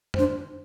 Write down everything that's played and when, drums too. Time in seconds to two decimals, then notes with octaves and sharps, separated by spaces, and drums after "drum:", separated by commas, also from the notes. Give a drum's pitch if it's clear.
0.14 C5, drum: tom F2
0.19 D4